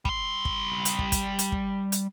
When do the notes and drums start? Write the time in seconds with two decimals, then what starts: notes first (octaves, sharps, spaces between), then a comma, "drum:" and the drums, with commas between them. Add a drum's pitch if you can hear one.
0.05 G3 C6, drum: kick
0.45 drum: kick
0.85 drum: hi-hat
0.99 drum: kick
1.12 drum: kick, hi-hat
1.39 drum: hi-hat
1.52 drum: kick
1.92 drum: hi-hat